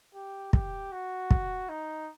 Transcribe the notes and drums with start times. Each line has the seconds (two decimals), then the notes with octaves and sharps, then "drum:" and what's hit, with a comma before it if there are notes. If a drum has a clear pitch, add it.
0.14 G4
0.53 G4, drum: kick
0.92 F#4
1.31 drum: kick
1.69 D#4